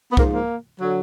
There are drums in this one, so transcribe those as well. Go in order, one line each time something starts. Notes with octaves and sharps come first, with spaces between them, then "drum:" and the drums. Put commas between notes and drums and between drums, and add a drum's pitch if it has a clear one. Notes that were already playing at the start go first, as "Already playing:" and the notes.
B3
G#2 F3 A#3, drum: kick C2
A#3
D3 F#3